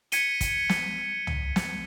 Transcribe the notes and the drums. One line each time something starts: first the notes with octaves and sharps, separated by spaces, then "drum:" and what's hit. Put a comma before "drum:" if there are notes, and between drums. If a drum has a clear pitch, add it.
G#6 B6 C#7 D#7 G7, drum: hi-hat
drum: kick, hi-hat
drum: snare
drum: tom
drum: snare